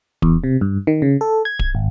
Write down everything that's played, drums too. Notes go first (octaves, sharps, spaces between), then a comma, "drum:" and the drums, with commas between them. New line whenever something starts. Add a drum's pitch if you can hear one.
E2, drum: kick D1
C3
G2
D#3
C#3
A4
G#6
drum: kick D1
G#1